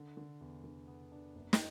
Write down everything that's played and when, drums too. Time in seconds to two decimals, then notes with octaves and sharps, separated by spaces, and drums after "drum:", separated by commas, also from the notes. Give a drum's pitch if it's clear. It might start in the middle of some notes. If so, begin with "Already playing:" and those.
Already playing: D3
0.17 D3
0.41 E2
0.64 D3
0.88 B3
1.12 D4
1.35 F#1
1.53 drum: snare